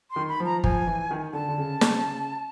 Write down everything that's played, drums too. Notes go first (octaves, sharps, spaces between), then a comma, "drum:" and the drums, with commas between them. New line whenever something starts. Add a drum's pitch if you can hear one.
C6
D#3
B5
F3
A#5
F3 G#5, drum: kick G1
E3
D#3
D3 A5
D3
C#3
C#3, drum: snare
C#3